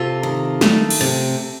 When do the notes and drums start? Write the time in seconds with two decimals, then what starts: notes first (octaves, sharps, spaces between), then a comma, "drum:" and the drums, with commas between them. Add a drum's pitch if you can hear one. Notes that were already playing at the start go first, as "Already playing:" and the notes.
Already playing: C3 F4 A4
0.23 D#3
0.61 A3, drum: snare
0.90 drum: cymbal
1.01 C3